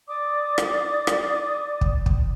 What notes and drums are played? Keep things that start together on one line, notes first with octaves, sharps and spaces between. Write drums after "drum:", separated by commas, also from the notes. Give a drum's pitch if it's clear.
D5 D6 D#6
drum: rim click
drum: rim click
drum: kick
drum: kick